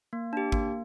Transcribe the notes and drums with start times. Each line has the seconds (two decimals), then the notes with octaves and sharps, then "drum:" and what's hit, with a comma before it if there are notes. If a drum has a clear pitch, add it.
0.13 A#3
0.33 D4 G4
0.52 A#3, drum: kick G#1